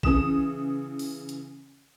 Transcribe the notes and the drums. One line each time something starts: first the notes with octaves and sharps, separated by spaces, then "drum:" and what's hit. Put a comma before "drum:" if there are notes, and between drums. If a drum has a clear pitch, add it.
C#3 E3 D#6 E7, drum: kick A1
drum: open hi-hat
drum: hi-hat